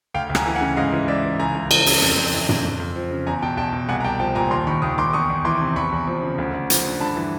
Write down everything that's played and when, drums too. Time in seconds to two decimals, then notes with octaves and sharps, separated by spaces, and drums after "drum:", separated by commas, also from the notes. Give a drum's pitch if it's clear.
0.14 D2 F5 G5
0.30 D2
0.35 G#5 A#5, drum: rim click
0.46 E3
0.56 F#5 G#5
0.61 C#3
0.77 G#2 D#5 F5
0.92 E3
1.08 G#2 D5 E5
1.23 E3
1.39 C#2 G#5 A#5
1.55 C#2
1.71 F3, drum: cymbal
1.86 C#3, drum: open hi-hat
2.02 F2
2.17 F2
2.33 E3
2.49 C#3, drum: tom
2.65 F2
2.80 F2
2.96 F3
3.11 C#3
3.27 E2 G#5 A#5
3.42 B2 G5 A5
3.57 E2 G5 A5
3.73 B2
3.89 C2 F#5 G#5
4.00 A#5
4.04 C2 G5 A5
4.20 F3 G5 A5
4.35 A#2 G#5 A#5
4.51 D#2 A#5 C6
4.67 D#3 B5 C#6
4.82 D#2 C#6 D#6
4.98 D#3 C6 D6
5.13 E2 C#6 D#6
5.30 E2
5.45 E3 C6 D6
5.60 C3
5.76 E2 B5 C#6
5.92 E2
6.07 F3
6.22 C#3
6.38 D2
6.54 D2
6.70 F3, drum: hi-hat
6.85 D3
7.01 G2 A5 B5
7.16 E3